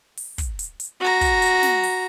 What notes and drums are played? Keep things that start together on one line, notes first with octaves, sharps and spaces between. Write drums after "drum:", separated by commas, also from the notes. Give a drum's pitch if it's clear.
drum: open hi-hat
drum: kick, hi-hat
drum: hi-hat
drum: hi-hat
F#4 A#5
drum: kick, hi-hat
drum: hi-hat
drum: snare
drum: open hi-hat